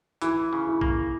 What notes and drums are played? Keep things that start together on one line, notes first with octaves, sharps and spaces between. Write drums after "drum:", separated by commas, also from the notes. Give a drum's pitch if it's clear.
E3 E4, drum: hi-hat
C#3
E4
A#3, drum: kick A#1